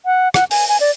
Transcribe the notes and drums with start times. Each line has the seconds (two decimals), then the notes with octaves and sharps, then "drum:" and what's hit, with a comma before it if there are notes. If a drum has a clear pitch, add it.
0.06 F#5
0.34 F#5, drum: rim click
0.51 G#5, drum: open hi-hat
0.69 G#5
0.80 D5